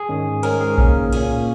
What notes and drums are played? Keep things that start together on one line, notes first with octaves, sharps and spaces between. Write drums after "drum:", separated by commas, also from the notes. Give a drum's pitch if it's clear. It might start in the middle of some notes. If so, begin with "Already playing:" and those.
Already playing: G#4
G#2 D#3 G#3 C#4
G#2 D#3 C#4 A#4, drum: cymbal
G#4
C#3 A#3 C#4, drum: kick A#1
A#2 A#3 C#4, drum: cymbal